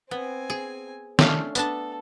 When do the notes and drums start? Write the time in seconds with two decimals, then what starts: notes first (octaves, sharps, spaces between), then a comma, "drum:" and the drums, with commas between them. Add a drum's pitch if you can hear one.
0.11 B3 C4 G#5
0.50 G#4
1.19 A3 C#4 D4 F5, drum: snare
1.55 B3 D4 A4 A5, drum: tambourine